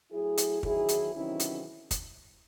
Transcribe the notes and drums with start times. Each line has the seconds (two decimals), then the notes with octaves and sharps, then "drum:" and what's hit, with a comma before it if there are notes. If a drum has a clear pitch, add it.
0.12 A2 F#3 E4 G#4
0.38 drum: hi-hat
0.63 E2 D#3 F#3 E4 G#4, drum: kick
0.89 drum: hi-hat
1.14 E2 C3 D#3 F#3 C#4 E4
1.40 drum: hi-hat
1.91 drum: kick, hi-hat